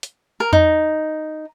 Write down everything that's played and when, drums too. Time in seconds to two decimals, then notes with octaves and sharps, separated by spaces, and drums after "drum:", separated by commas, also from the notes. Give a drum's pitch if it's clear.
0.03 drum: hi-hat
0.40 A#4
0.53 D#4, drum: tom E2